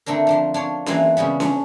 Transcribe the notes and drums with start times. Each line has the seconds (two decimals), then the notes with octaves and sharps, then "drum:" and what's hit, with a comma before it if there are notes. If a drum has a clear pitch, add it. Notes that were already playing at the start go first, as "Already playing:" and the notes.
0.06 D3 A3 C4 D4 A#4
0.27 F3 D4 C6
0.54 D4 F4 C#5
0.86 E3 F#3 G#3 A#3 C4, drum: snare C#4
1.17 C#3 G3 G#3 B3
1.40 C#4 D4, drum: snare C#4